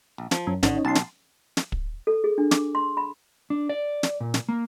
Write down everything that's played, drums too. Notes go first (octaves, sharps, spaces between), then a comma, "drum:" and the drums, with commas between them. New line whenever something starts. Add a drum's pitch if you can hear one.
A#1
F3, drum: snare
F#2
G#1 D3 C#4 D#4, drum: snare
B1 A5 C6
drum: snare
drum: snare
drum: kick
A4
G#4
D4
D6, drum: snare
C6
B5
D4
D5
drum: snare
A#2
drum: snare
A#3